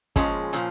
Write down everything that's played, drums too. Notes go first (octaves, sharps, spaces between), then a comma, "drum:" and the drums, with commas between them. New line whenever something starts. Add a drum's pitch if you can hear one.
A#2 F3 G#3 C#4, drum: kick, hi-hat
A#2 F3, drum: hi-hat